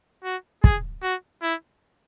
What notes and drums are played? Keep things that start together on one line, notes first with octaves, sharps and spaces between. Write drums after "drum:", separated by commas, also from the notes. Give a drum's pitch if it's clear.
F#4
G#4, drum: kick
F#4
E4